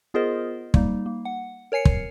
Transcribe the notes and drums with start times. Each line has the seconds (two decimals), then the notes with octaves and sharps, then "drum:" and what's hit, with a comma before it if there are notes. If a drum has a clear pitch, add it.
0.14 B3 F4 G#4 A#4 C5 D#5
0.74 G3 A#3 D#4, drum: kick
1.06 A#3
1.25 F#5
1.72 A#4 C#5 G#5 C7 C#7
1.85 drum: kick